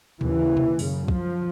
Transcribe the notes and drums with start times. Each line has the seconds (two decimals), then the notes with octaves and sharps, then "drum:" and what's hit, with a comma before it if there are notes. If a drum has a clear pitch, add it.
0.21 D#2 C#3 E3, drum: tom A#2
0.57 drum: tom B2
0.79 F#2 C#3, drum: open hi-hat
1.08 F3, drum: kick